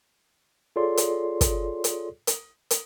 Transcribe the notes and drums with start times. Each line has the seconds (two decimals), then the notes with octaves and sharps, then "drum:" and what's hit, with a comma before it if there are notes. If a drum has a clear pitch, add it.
0.76 F4 G#4 A4 C#5 D5 C6
0.97 drum: hi-hat
1.41 drum: kick, hi-hat
1.84 drum: hi-hat
2.27 drum: hi-hat
2.71 drum: hi-hat